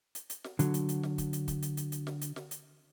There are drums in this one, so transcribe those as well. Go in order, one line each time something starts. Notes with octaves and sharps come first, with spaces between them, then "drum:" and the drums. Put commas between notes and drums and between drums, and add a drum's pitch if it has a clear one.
drum: hi-hat
drum: hi-hat
drum: snare
D3 F#3, drum: hi-hat
drum: hi-hat
drum: hi-hat
drum: snare
drum: kick, hi-hat
drum: hi-hat
drum: kick, hi-hat
drum: hi-hat
drum: hi-hat
drum: hi-hat
drum: snare
drum: hi-hat
drum: snare
drum: hi-hat